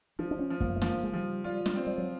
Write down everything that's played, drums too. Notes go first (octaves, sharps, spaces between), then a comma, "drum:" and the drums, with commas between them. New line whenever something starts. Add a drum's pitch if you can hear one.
F3 D4
D4
C#4
F3
A#3, drum: kick F#2
A3
F3 A#3, drum: snare
G#3
F3 G3
G3 F4
G3, drum: snare
C4
G3
F#3